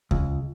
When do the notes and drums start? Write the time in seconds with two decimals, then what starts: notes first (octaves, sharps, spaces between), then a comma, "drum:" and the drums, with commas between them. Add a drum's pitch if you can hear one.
0.11 C#2, drum: kick D#2